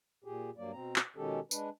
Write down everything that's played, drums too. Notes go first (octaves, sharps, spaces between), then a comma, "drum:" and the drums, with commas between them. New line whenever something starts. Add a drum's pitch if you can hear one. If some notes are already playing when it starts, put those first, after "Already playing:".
A#2 G4 G#4
G2 F#3 A#3 D5
B2 C4 A#5
drum: clap
B2 D#3 G#3 C#4 G4 A4
G#3 D4 B4, drum: tambourine